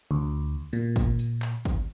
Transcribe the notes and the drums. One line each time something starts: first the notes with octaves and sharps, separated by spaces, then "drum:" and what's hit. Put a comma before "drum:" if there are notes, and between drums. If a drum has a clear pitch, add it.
D2
A#2, drum: tambourine
drum: kick, tambourine
drum: tambourine
drum: clap
drum: kick, tambourine